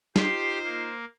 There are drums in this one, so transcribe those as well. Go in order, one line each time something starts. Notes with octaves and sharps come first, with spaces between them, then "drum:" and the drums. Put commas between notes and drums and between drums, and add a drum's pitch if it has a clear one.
D#4 F4 G4 C5 C6, drum: snare
A#3